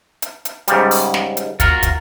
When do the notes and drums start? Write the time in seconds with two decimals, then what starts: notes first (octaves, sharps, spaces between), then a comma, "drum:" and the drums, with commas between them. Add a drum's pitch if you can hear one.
0.22 drum: hi-hat
0.45 drum: hi-hat
0.68 G#2 C#3 G3, drum: hi-hat
0.91 drum: open hi-hat
1.14 drum: snare
1.37 drum: hi-hat
1.60 F4 F#4 A#4, drum: kick, hi-hat
1.83 drum: kick, hi-hat